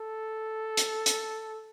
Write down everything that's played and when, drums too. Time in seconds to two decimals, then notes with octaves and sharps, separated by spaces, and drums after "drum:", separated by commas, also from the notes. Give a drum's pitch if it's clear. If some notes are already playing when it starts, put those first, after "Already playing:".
Already playing: A4
0.77 drum: hi-hat
1.06 drum: hi-hat